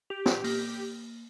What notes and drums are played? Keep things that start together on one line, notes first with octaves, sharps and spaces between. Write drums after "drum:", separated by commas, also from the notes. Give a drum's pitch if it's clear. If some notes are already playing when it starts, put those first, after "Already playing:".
G4 F7
drum: snare
A#3, drum: open hi-hat